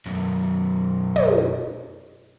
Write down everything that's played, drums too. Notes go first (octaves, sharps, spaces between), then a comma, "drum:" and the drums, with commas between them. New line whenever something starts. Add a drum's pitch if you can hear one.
B1 F#2
drum: tom